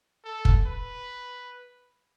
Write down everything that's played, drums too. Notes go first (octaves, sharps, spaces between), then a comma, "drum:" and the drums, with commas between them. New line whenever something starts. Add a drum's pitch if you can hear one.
A4
drum: kick
B4